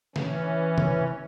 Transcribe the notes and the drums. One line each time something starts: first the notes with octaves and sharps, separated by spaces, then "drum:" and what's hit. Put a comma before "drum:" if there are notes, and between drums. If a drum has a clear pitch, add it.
E3 C#4, drum: snare
drum: tom C3